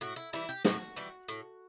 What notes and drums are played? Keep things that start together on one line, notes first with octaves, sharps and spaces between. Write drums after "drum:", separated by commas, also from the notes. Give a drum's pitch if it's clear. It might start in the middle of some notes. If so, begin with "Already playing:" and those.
A2 F#4
E4
E3 G3 E4
G4
A2 F#4, drum: snare
E3 G3
A2